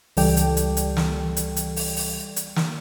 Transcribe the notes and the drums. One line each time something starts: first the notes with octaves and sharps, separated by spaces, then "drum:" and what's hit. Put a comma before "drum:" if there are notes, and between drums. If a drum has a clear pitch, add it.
C#2 E3 G3 A4 D5 G5, drum: open hi-hat
drum: hi-hat
drum: hi-hat
drum: hi-hat
drum: snare
drum: hi-hat
drum: hi-hat
drum: open hi-hat
drum: open hi-hat
drum: hi-hat
drum: snare